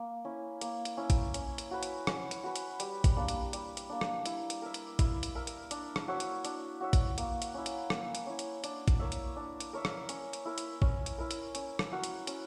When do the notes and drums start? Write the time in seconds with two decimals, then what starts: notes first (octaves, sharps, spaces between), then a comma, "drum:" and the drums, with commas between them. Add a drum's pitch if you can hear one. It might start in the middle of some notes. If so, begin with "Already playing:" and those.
Already playing: A#3
0.25 C#4 E4
0.61 A#3, drum: hi-hat
0.85 drum: hi-hat
0.97 C#4 E4
1.10 drum: kick A1, hi-hat
1.34 C#4, drum: hi-hat
1.58 drum: hi-hat
1.71 F#4 B4
1.83 drum: hi-hat
2.07 C#4, drum: rim click
2.31 drum: hi-hat
2.43 F#4 B4
2.56 drum: hi-hat
2.80 G3, drum: hi-hat
3.04 drum: kick A1, hi-hat
3.16 A#3 D4
3.28 drum: hi-hat
3.53 G3, drum: hi-hat
3.77 drum: hi-hat
3.89 A#3 D4
4.01 drum: rim click
4.26 E4, drum: hi-hat
4.50 drum: hi-hat
4.62 A#4 E5
4.74 drum: hi-hat
4.99 E4, drum: kick A1, hi-hat
5.23 drum: hi-hat
5.35 A#4 E5
5.47 drum: hi-hat
5.71 D4, drum: hi-hat
5.96 drum: rim click
6.08 F#4 C#5 E5
6.20 drum: hi-hat
6.45 D4, drum: hi-hat
6.80 F#4 C#5 E5
6.93 drum: kick A1, hi-hat
7.18 A#3, drum: hi-hat
7.42 drum: hi-hat
7.54 C#4 E4
7.66 drum: hi-hat
7.90 A#3, drum: rim click
8.15 drum: hi-hat
8.26 C#4 E4
8.39 drum: hi-hat
8.64 D4, drum: hi-hat
8.88 drum: kick A1, hi-hat
8.99 A#4 C#5 E5
9.12 drum: hi-hat
9.36 D4
9.60 drum: hi-hat
9.73 A#4 C#5 E5
9.85 drum: rim click
10.09 C#4, drum: hi-hat
10.33 drum: hi-hat
10.45 E4 A#4
10.58 drum: hi-hat
10.82 C#4, drum: kick A1
11.06 drum: hi-hat
11.18 E4 A#4
11.31 drum: hi-hat
11.55 C#4, drum: hi-hat
11.79 drum: rim click
11.92 F#4 A#4 E5
12.04 drum: hi-hat
12.27 C#4, drum: hi-hat